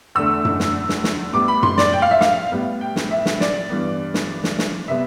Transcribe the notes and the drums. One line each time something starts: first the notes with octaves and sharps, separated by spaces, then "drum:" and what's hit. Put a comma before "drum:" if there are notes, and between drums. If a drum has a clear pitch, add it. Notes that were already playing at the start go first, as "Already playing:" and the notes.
E2 D3 A3 E6
drum: tom F#2
drum: snare
drum: snare
drum: snare
A2 G3 B3 D6
B5
C6, drum: tom F#2
D5, drum: snare
G5
F5
E5
F5, drum: snare
A2 G3 B3
G5
drum: snare
E5
drum: snare
D5, drum: snare
G2 E3 B3
drum: snare
drum: snare
drum: snare
C3 G3 B3 E5